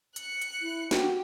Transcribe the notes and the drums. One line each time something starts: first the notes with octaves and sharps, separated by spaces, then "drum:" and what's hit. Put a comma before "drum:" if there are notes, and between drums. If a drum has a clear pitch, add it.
F#6 C#7, drum: hi-hat
drum: hi-hat
E4
F#4 G4, drum: snare